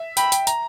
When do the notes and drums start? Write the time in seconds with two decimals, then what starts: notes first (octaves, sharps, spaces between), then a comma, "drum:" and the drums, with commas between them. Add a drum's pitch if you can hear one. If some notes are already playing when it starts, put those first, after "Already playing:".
Already playing: E5
0.17 G5 B5, drum: hi-hat
0.32 G5, drum: hi-hat
0.47 A#5, drum: hi-hat